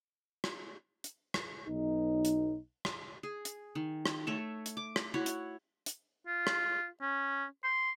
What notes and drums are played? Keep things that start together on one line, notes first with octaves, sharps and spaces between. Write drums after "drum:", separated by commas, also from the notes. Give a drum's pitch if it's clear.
drum: rim click
drum: hi-hat
drum: rim click
B1 D#4
drum: hi-hat
drum: rim click
G#4
drum: hi-hat
D#3
drum: rim click
A3 C#5 E5
drum: hi-hat
D6
drum: rim click
E4 F#4 C#5
drum: hi-hat
drum: hi-hat
F4
drum: rim click
C#4
C6